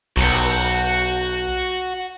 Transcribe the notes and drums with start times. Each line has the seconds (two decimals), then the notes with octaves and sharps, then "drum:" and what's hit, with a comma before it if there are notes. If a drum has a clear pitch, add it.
0.17 B1 F#4 F#5, drum: open hi-hat